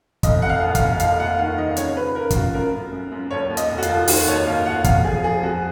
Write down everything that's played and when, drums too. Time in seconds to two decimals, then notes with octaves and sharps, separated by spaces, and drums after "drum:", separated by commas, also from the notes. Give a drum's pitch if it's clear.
0.23 F1 D#5, drum: kick, hi-hat
0.42 F1 F#5
0.49 F5
0.61 D#2
0.75 F5, drum: kick, hi-hat
0.81 F1
1.00 D#2 F5, drum: hi-hat
1.20 D#2 F#5
1.39 D#3 F5
1.58 D#3 D#5
1.77 C#3 C#5, drum: hi-hat
1.97 C#3 B4
2.15 C#3 A#4
2.30 F4, drum: kick, hi-hat
2.34 F#2 F#4
2.54 F#2 A#4
2.73 F#2
2.92 F#2
3.12 F#2
3.30 D#2 C#5
3.50 D#2
3.57 D#5, drum: hi-hat
3.70 F1
3.78 F#4
3.82 F4, drum: hi-hat
3.89 D#2
4.08 D#3 F#4, drum: open hi-hat
4.27 D#2 C#5
4.46 D#2 F5
4.66 D#2 F#5
4.84 F2 F5, drum: kick, hi-hat
5.04 F3 G#4
5.23 F3 G#4
5.43 F2 F#4